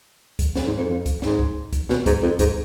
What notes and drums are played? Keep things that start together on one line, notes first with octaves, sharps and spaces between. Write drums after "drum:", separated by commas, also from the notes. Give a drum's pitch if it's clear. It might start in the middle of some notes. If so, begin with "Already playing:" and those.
drum: kick C#2, hi-hat
F2, drum: snare
G#2
F2
F2
drum: kick C#2, hi-hat
G#2, drum: snare
drum: kick C#2
drum: kick C#2, hi-hat
B2, drum: snare
G#2, drum: kick C#2, hi-hat
F2
G#2, drum: kick C#2, hi-hat